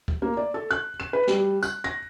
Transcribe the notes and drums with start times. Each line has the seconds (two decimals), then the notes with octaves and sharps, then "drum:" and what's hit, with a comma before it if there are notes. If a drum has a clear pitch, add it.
0.08 drum: kick C#2
0.22 A#3
0.37 D5
0.54 A4
0.71 F#6
1.00 E7
1.13 B4
1.27 G3, drum: snare
1.63 F#6, drum: tambourine
1.84 A#6